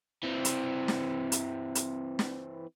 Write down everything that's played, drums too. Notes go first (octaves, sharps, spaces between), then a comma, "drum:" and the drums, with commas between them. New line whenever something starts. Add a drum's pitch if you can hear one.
E3 C4
drum: hi-hat
drum: snare
drum: hi-hat
drum: hi-hat
drum: snare